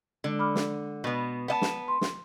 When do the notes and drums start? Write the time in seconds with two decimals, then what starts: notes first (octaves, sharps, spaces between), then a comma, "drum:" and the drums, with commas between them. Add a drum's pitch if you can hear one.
0.24 D3 G#3
0.39 B5 D6 F6
0.55 drum: snare
1.04 B2 B3
1.48 B3 D#5 A5
1.62 drum: snare
1.88 C6
2.01 drum: snare